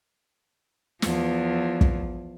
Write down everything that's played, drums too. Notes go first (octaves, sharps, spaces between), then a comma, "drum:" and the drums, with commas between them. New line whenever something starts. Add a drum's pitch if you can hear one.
E2 F3, drum: snare
drum: kick